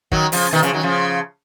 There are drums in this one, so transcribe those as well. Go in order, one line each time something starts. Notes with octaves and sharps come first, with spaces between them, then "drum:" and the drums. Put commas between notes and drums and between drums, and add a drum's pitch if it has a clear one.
D#3 F#3, drum: kick
C#3 F3, drum: open hi-hat
B2 D#3
C#3 F3, drum: hi-hat
D#3 F#3
C#3 F3